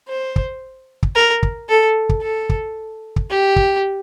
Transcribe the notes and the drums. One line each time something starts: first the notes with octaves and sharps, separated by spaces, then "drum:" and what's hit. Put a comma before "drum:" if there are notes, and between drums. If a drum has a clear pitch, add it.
C5
drum: kick
drum: kick
A#4
drum: kick
A4
drum: kick
A4
drum: kick
drum: kick
G4
drum: kick